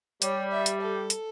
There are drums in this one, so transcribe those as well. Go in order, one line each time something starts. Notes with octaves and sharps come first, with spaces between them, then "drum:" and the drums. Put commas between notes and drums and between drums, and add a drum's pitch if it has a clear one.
G3 C#5, drum: hi-hat
E5
drum: hi-hat
A4
drum: hi-hat